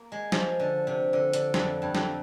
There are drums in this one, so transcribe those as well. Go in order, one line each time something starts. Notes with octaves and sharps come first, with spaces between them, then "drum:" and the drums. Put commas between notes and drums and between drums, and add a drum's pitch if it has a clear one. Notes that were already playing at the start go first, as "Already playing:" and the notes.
Already playing: A#3
G#3
F3, drum: snare
D3
C3
D3
D3, drum: hi-hat
F2, drum: snare
G2
F2, drum: snare